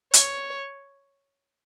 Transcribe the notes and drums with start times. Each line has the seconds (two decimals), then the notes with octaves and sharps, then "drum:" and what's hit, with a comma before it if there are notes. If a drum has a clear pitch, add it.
0.13 C#5, drum: hi-hat